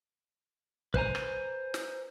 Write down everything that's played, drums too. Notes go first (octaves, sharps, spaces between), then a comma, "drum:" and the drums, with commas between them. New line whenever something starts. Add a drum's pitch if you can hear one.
B4 C5 G#5 A#5, drum: kick
drum: rim click
drum: snare